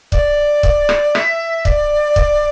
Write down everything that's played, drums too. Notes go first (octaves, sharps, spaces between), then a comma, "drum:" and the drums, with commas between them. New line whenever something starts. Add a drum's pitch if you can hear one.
D5, drum: kick
drum: kick
drum: rim click
E5, drum: rim click
D5, drum: kick
drum: kick